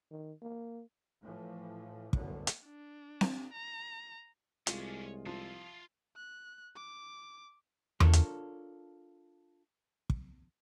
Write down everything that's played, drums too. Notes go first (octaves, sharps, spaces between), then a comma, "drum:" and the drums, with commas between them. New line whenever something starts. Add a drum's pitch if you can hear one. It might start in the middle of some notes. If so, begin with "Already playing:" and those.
D#3
A#3
A2 E3 F3
G1 C2 F#2 A2 D3 B3, drum: kick
drum: hi-hat
D4
drum: snare C4
A#5
C2 G#3 C#4 D4 F4, drum: hi-hat
F3 F4 E5
F#6
D6
D4 F4 A4 A#4 C#5, drum: tom E2
drum: hi-hat
drum: kick